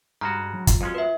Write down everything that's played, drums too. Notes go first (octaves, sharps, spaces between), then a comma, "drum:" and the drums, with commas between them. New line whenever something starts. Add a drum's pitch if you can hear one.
G2 C#3 G#3 F#4 A#5 F6
F#3
F4, drum: kick, hi-hat
F2 G#3 C#4
B4 E5